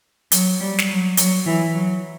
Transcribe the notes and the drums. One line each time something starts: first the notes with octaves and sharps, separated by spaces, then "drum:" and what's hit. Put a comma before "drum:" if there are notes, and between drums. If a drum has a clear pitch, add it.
F#3, drum: hi-hat
G3
drum: snare
F#3
F#3, drum: hi-hat
E3
F#3